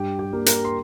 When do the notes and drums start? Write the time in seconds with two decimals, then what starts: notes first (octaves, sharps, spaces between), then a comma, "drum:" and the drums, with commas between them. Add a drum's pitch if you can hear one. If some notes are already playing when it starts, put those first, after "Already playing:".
Already playing: G2 G4 G5
0.19 G4 G5
0.33 G3 A#3
0.46 A#4 A#5, drum: hi-hat
0.65 C6